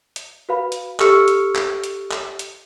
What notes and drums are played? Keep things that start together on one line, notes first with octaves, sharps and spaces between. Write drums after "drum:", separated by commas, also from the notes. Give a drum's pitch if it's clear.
drum: hi-hat
F#4 B4 F5 B5
drum: hi-hat
G4 A4 C#6 E6 F6 C#7, drum: clap
drum: hi-hat
drum: clap
drum: hi-hat
drum: clap
drum: hi-hat